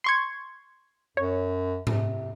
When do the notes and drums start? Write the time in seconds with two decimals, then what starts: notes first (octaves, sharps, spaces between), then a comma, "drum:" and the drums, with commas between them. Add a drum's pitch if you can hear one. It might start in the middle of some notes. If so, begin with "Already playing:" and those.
0.04 C6 C#6 G#6
1.17 F#2 C#5
1.87 C3, drum: tom G#2